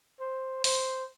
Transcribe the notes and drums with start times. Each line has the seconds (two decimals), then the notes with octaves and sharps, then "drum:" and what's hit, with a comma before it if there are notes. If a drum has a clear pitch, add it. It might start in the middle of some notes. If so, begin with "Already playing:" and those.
0.20 C5
0.64 C5, drum: open hi-hat